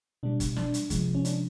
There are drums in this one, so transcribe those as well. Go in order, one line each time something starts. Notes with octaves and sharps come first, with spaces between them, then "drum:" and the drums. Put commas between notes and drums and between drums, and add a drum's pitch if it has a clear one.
B2 G3 D4
drum: kick F#1, hi-hat
D4, drum: snare
drum: hi-hat
C3 F3 G#3, drum: kick F#1, hi-hat
C#4
D4, drum: hi-hat